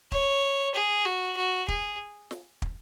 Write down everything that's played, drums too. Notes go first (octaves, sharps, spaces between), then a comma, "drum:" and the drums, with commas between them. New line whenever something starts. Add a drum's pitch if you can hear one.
C#5, drum: kick
G#4
F#4
F#4
G#4, drum: kick
drum: snare
drum: kick